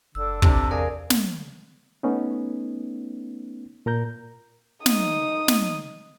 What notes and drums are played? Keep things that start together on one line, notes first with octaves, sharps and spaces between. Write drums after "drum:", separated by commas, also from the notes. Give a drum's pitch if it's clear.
F#1 D3 E6
C3 D4 A4, drum: kick
E2 G#4 A#4 D5 F5
drum: snare
A3 B3 C#4 D#4
A#2 A#4 A#5 G6
D#4 D#6, drum: snare
drum: snare